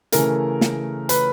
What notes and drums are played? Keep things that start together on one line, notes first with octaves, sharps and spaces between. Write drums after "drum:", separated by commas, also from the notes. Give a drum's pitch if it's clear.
C#3 E3 A3 A#4 A#5, drum: hi-hat
drum: snare
B4 B5, drum: hi-hat